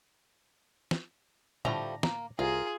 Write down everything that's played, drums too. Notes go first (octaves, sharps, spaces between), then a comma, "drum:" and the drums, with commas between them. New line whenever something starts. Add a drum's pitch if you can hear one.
drum: snare
A2 D3 F3 G3 A3 A#5, drum: tom A#2
A#3, drum: snare
C2 F4 G#4 A#4